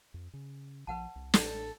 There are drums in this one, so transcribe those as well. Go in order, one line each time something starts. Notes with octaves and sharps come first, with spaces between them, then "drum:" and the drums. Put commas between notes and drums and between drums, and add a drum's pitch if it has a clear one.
F2
C#3
A#1 E3 F3 B4 F#5 A5
C2
A1 A4, drum: snare